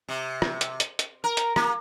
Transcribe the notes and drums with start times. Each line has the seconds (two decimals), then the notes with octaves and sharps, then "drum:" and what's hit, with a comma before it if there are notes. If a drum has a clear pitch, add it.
0.08 C3
0.42 drum: rim click
0.61 drum: hi-hat
0.80 drum: hi-hat
0.99 drum: hi-hat
1.24 A#4
1.37 drum: hi-hat
1.56 A#3, drum: rim click